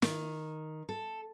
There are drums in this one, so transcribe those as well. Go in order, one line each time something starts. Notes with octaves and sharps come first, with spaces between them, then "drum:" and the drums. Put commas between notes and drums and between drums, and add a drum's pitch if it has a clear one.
D#3, drum: snare
A4